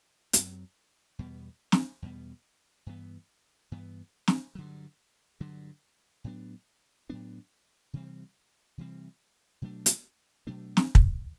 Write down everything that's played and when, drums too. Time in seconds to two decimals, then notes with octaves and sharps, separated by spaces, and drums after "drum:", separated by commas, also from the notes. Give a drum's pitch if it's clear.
0.33 F#2 F#3 C4, drum: hi-hat
1.19 E2 B2 G3 B3
1.72 drum: snare
2.02 E2 B2 G3 B3
2.86 G2 E3 B3
3.72 G2 E3 B3
4.28 drum: snare
4.55 G2 D3 F#3
5.40 G2 D3 F#3
6.24 A2 F#3 B3 D4
7.09 A2 F#3 B3 D4
7.93 C3 E3 G3 C4
8.78 C3 E3 G3 C4
9.62 B2 F#3 A3 D4
9.86 drum: hi-hat
10.47 B2 F#3 A3 D4
10.77 drum: snare
10.95 drum: kick